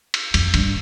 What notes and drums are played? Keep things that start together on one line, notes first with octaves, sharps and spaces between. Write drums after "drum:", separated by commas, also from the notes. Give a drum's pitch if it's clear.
drum: cymbal
F2, drum: cymbal
G2, drum: cymbal